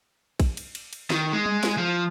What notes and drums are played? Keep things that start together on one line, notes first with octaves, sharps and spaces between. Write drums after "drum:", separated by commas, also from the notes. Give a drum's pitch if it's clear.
drum: kick A#1, cymbal
drum: cymbal
drum: cymbal
drum: cymbal
D#3, drum: snare E4
G#3
drum: tom G3
drum: snare E4
F3